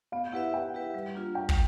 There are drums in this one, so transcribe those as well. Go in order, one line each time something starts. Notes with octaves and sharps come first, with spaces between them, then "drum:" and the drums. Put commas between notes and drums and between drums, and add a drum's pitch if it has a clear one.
B3 F5
E4 G4 B4 E5 F#5
B3 G5
E4 G4 B4 E5
G3
A#3 D4 F4
G3 G5
drum: kick